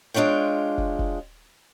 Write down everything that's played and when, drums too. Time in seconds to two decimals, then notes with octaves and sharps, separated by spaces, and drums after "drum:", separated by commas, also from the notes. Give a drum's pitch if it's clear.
0.14 G#3 D4 F4 C#5 G5
0.78 drum: kick
0.99 drum: kick